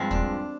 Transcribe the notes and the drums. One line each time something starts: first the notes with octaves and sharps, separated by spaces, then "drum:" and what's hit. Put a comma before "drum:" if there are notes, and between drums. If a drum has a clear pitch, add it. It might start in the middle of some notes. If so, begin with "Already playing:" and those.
Already playing: G2 F3 G#3 C4
D4, drum: kick D#2